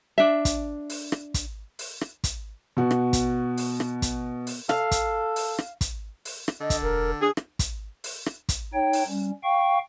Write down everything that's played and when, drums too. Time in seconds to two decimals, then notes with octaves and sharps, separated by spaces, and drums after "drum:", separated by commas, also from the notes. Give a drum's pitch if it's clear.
0.18 D4 E5
0.45 drum: kick, hi-hat
0.90 drum: open hi-hat
1.12 drum: rim click
1.34 drum: kick, hi-hat
1.79 drum: open hi-hat
2.01 drum: rim click
2.24 drum: kick, hi-hat
2.77 B2 F#4
2.91 drum: rim click
3.13 drum: kick, hi-hat
3.58 drum: open hi-hat
3.80 drum: rim click
4.02 drum: kick, hi-hat
4.47 drum: open hi-hat
4.69 A4 F5, drum: rim click
4.91 drum: kick, hi-hat
5.36 drum: open hi-hat
5.58 drum: rim click
5.81 drum: kick, hi-hat
6.25 drum: open hi-hat
6.48 drum: rim click
6.61 D3 D#5
6.70 drum: kick, hi-hat
6.82 E1 A#4
7.21 D4 G#4
7.37 drum: rim click
7.59 drum: kick, hi-hat
8.04 drum: open hi-hat
8.26 drum: rim click
8.49 drum: kick, hi-hat
8.74 D#4 C#5 G5
8.93 drum: open hi-hat
9.08 G3 C#4
9.44 F5 G5 C#6